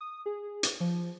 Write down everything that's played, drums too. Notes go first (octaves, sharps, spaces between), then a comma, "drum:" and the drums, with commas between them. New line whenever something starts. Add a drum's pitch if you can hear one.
D#6
G#4
drum: hi-hat
F3